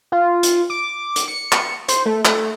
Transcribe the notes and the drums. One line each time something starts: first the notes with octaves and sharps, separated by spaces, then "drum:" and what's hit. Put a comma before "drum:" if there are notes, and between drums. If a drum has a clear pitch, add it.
F4
drum: hi-hat
D6
drum: hi-hat
C#7
drum: clap
C5, drum: hi-hat
A3
A3, drum: clap